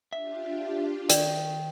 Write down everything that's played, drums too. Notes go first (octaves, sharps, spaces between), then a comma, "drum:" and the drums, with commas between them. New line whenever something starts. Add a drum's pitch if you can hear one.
D4 F4 G4 E5
D#3 D5 G5, drum: hi-hat